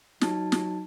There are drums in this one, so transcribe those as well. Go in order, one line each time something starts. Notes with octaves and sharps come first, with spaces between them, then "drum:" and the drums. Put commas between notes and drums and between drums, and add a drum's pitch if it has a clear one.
F#3 D#4 A5, drum: snare
drum: snare